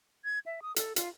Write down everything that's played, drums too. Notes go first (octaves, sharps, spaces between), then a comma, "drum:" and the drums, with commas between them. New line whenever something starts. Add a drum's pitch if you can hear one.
G#6
E5
D#6
A4, drum: hi-hat
F4, drum: hi-hat